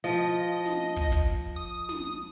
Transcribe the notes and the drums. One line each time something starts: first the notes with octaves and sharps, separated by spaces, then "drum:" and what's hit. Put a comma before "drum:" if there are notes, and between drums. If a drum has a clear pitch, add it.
F3 D#5
drum: snare
drum: kick
drum: kick
D#6
drum: snare